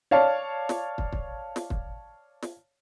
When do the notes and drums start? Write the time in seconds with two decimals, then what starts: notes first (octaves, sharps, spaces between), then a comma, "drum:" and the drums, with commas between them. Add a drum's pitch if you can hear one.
0.11 C#5 D5 F5 A5
0.69 drum: snare
0.98 drum: kick
1.12 drum: kick
1.56 drum: snare
1.70 drum: kick
2.42 drum: snare